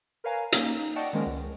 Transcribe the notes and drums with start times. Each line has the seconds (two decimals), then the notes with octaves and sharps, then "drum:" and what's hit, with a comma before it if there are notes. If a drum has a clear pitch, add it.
0.24 A#4 B4 C#5 F5 G#5 A#5
0.52 A#3 C#4 D#4, drum: hi-hat
0.79 D#4
0.96 D5 D#5 F#5 G5 A5 C#6
1.13 D#3 F3 G#3 A#3 C#4 A#4
1.26 C#2